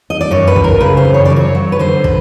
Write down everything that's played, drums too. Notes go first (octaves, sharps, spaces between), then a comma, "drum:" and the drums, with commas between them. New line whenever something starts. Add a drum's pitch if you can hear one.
D#5
D5
F#2 C#5
B4
F#2, drum: kick
A#4
C#3 B4
C5
F#2
C#5
F#3 D5
C#5
F#3
B4
D3 C5
B4, drum: kick